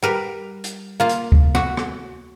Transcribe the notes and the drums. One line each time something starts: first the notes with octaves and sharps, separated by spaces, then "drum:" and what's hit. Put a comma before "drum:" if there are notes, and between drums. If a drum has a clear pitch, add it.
G3 A#4 B4
drum: hi-hat
A#3 F4
drum: hi-hat
drum: kick D2
F#4, drum: rim click
drum: rim click